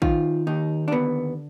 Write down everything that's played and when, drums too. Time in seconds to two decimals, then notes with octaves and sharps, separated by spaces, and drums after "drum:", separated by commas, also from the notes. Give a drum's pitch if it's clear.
0.02 D#3 F4, drum: kick
0.47 D#2 D#4
0.88 D4
0.92 D3 B3